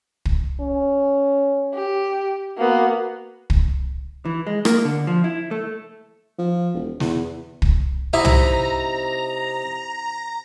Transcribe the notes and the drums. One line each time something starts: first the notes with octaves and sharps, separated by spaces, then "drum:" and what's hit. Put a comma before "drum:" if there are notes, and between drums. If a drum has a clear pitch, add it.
drum: kick
C#4
G4
A#3 B3 F#4
drum: kick
E3
G#3
A#3, drum: rim click
D3
F3
E4
A3
F3
E1
E2, drum: snare
drum: kick
C3 D#4 E4 E5 A#5
drum: tom